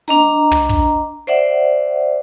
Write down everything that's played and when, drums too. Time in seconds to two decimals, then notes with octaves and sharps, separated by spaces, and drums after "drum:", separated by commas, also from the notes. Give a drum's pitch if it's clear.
0.08 D4 D#5 A#5, drum: snare
0.51 drum: tom
0.69 drum: kick
1.27 C5 D5 E5 F#5